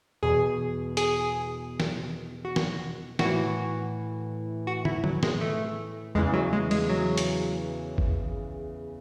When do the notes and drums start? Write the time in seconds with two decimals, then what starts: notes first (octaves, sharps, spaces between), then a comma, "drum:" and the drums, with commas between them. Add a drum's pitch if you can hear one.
0.23 E2 B2 G#4
0.97 G#4, drum: hi-hat
1.80 drum: snare
2.45 F#4
2.56 drum: snare
3.19 A2 E3 F#4, drum: snare
4.67 F#4
4.85 E4, drum: tom
5.04 F#3, drum: tom
5.23 G#3, drum: snare
5.41 A3
6.15 E2 C#3 E3 G#3
6.34 F#3
6.53 G#3
6.71 G#3, drum: cymbal
6.89 F#3
7.18 drum: hi-hat
7.98 drum: kick